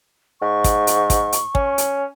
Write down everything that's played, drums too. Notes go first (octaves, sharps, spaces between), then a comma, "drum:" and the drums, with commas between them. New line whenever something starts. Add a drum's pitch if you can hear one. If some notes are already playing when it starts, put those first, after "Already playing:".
G#2 C#6
drum: kick, hi-hat
drum: hi-hat
drum: kick, hi-hat
drum: hi-hat
C#4, drum: kick
drum: hi-hat